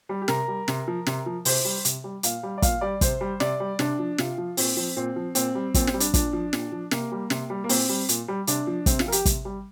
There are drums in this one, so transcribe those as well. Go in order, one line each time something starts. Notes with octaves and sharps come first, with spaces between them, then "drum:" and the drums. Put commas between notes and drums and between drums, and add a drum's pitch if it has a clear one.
G3
G4
C3 A#4, drum: snare
G3
C3, drum: snare
F3
C3, drum: snare
F3
C3 C5, drum: open hi-hat
G3
C3, drum: hi-hat
G3
A#2 F5, drum: hi-hat
G3
D5
A#2 F5, drum: kick, hi-hat
G3 D5
C3 C5, drum: kick, hi-hat
G3
C3 D5, drum: snare
G3
C3 D4, drum: snare
F3
C3 F4, drum: snare
F3
A#2 C4, drum: open hi-hat
F3 C4
A#2 C4
F3
A#2 C4, drum: hi-hat
G3
A#2 C4, drum: kick, hi-hat
C4, drum: snare
G3
D4, drum: hi-hat
A#2 D4, drum: kick, hi-hat
F3
A#2, drum: snare
F3
C3 A#3, drum: snare
G3
C3, drum: snare
G3
A#3
A#2 C4, drum: open hi-hat
G3
A#2, drum: hi-hat
G3
C3 D4, drum: hi-hat
F3
C3 C4, drum: kick, hi-hat
F4, drum: snare
F3 A#4
G4, drum: hi-hat
C3, drum: kick, hi-hat
G3